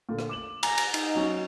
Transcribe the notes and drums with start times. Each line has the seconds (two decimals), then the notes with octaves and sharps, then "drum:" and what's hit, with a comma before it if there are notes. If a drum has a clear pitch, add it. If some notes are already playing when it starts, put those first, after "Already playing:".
0.09 A#2 D3
0.19 drum: rim click
0.29 D6 E7 F#7
0.63 G#5 A#5, drum: cymbal
0.78 drum: cymbal
0.94 D#4, drum: cymbal
1.15 F#3 C#4